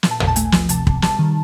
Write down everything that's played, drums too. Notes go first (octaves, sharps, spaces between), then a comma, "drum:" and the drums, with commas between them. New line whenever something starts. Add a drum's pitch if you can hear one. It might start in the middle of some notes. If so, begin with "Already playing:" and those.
A#2, drum: snare
A5
A#2, drum: tom
A5
A3 G#5, drum: hi-hat
F3, drum: snare
C3 A5, drum: hi-hat
C3, drum: kick
G3 A5, drum: snare
D#3